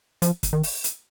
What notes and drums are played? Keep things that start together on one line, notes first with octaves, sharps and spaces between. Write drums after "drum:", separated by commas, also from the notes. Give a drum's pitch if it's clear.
F3, drum: hi-hat
drum: kick, hi-hat
D#3
drum: open hi-hat
drum: hi-hat